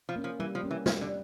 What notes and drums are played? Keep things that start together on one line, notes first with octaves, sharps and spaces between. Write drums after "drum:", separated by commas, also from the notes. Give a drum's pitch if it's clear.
F3
A#3 C#4
F3
E3 G3
F3
A#3 C#4
E3
D#3 G3, drum: snare
D3